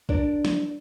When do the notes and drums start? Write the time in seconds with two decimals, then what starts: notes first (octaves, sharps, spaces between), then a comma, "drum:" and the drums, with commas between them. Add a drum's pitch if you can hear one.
0.09 D4 A#4 D5, drum: kick
0.45 drum: snare